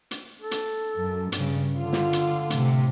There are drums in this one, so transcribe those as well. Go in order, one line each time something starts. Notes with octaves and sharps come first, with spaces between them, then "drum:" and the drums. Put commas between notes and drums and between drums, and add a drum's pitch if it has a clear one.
drum: hi-hat
A4
drum: hi-hat
F#2
G2 C#3, drum: hi-hat
D3 F4
drum: snare
drum: hi-hat
A2 C3, drum: hi-hat